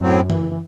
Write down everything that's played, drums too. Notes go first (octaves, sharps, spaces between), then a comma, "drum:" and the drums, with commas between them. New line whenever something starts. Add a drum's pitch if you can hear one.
F#2 A2 F#3 C4
E3, drum: tom F#2
E3